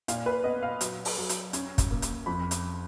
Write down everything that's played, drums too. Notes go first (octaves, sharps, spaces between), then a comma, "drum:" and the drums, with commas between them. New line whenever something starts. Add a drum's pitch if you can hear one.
A#2 F5, drum: hi-hat
B4
B3 D#5
F5
F#3, drum: hi-hat
drum: open hi-hat
F#3
drum: hi-hat
C#4, drum: hi-hat
drum: kick, hi-hat
A#3
drum: hi-hat
F2 B5
drum: hi-hat